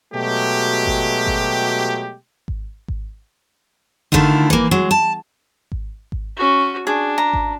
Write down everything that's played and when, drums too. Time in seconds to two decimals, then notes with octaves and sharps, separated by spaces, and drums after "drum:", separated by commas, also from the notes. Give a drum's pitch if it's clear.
0.14 B2 F#3 G#3 A3 G4
0.86 drum: kick G#1
1.27 drum: kick G#1
2.48 drum: kick G#1
2.88 drum: kick G#1
4.12 D3 D#3 A3 E4 F4, drum: kick G#1
4.50 E3 A#3, drum: kick G#1
4.71 F#3 G#3
4.91 A5
5.72 drum: kick G#1
6.12 drum: kick G#1
6.36 C#4 F#4
6.87 D4 G#4
7.18 A#5
7.33 drum: kick G#1